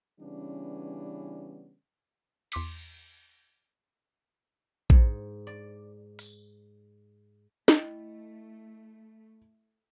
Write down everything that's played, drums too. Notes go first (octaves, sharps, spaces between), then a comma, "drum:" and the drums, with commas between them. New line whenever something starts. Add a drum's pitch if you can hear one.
C#3 E3 G3 B3 C#4 D4
E2 C6 D6 B6, drum: cymbal
G#2, drum: kick A#1
D5
drum: open hi-hat
A3 E4 D#5 G5, drum: snare